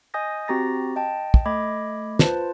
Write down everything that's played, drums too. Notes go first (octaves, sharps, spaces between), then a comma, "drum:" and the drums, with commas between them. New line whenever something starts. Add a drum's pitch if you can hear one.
D#5 G#5 D#6 G6 A#6
C4 F#4 G4 A#5 A6 A#6
D#5 G5 A5
drum: kick
A3 D#5 B5 D6 G#6
F4 B4 C5 A5, drum: snare